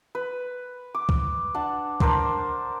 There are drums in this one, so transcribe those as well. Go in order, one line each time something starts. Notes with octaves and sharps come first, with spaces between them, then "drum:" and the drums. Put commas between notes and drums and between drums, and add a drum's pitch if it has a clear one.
B4
D6
drum: kick C2
D4 F#5 A5
D4 A#4 C5 D5, drum: kick C2